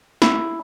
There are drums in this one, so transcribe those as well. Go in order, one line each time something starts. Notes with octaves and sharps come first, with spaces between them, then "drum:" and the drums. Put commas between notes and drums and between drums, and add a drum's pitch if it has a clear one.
E4, drum: snare